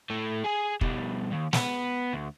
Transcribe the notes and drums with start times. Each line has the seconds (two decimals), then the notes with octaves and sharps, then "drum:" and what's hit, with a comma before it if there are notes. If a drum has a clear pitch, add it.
0.10 A2 A3
0.44 G#4 G#5
0.81 B2 G3, drum: kick
1.32 D#2
1.53 B3, drum: snare
2.13 D2